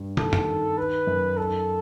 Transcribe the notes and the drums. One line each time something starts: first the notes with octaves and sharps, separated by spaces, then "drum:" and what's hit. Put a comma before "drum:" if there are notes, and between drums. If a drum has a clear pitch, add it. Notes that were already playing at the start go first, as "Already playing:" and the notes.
Already playing: G2
D#3 A4, drum: tom
drum: tom F2
D#3
D#4 B4
F#2
D#4 A4